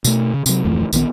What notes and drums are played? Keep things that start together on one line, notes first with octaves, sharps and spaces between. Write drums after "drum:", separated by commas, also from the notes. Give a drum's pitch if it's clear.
B2 A3, drum: tambourine
C#3
C3 F#3, drum: tambourine
D1 F2 E3 A3
A#1 D#3 B3, drum: tambourine